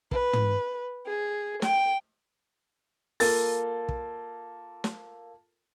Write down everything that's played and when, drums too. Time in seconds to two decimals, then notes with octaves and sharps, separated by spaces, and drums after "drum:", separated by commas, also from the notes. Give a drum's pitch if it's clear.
0.11 B4, drum: kick
0.33 drum: tom
1.05 G#4
1.62 G5, drum: snare
3.20 A#3 F4 A4 A6, drum: open hi-hat
3.89 drum: kick
4.84 drum: snare